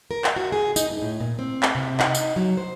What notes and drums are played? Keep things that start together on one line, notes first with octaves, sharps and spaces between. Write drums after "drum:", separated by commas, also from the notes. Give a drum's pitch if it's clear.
A#4
drum: clap
F#4
G#4
D#4, drum: tambourine
G2
A2
A#2
C4
drum: clap
C3
D#4, drum: clap
drum: tambourine
F#3
C5